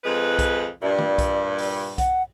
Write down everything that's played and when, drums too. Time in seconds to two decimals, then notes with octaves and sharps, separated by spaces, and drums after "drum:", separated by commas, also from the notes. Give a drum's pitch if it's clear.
0.04 F2 G#3 B4
0.39 drum: kick B1, hi-hat
0.82 G2 A#2 D5
0.98 drum: tom D#3
1.18 drum: kick B1, hi-hat
1.58 drum: open hi-hat
1.98 F#5, drum: kick B1, hi-hat